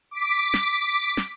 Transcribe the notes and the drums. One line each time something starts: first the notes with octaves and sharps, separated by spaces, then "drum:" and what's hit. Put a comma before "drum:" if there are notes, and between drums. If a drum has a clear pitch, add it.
D6 B6
drum: snare
drum: snare